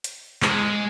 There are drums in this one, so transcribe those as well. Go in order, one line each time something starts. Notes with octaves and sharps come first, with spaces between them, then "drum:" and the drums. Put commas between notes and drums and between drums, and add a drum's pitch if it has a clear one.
drum: hi-hat
G#3, drum: clap